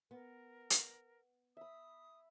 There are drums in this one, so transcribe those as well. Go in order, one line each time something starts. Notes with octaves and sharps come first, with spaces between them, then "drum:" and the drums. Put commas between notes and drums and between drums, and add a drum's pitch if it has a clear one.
B3 A#4
drum: hi-hat
E5 B5 D#6